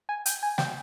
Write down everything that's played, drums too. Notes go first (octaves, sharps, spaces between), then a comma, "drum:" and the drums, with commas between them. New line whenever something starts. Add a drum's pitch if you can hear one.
G#5
G5, drum: hi-hat
G#5
G5, drum: snare